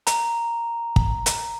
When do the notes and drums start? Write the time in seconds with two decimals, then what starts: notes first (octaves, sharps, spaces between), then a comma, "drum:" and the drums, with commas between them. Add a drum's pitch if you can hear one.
0.07 A#5, drum: hi-hat
0.96 drum: kick
1.26 drum: hi-hat